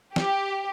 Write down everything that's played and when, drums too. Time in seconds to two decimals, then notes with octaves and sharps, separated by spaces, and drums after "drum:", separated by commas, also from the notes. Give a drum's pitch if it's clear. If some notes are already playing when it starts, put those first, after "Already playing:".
0.16 G4, drum: snare